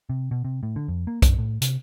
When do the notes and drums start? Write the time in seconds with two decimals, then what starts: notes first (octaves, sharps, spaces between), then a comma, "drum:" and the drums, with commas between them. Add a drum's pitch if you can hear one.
0.10 C3
0.31 B2
0.45 C3
0.63 A2
0.76 D3
0.88 F2
1.07 A#3
1.22 F#2, drum: kick B1, hi-hat
1.38 A2
1.62 C3, drum: hi-hat